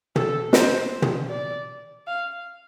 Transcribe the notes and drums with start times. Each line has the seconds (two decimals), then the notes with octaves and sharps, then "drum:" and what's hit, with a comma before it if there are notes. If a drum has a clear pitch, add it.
0.16 A4, drum: tom
0.53 C5, drum: snare
1.02 drum: tom
1.30 D5
2.07 F5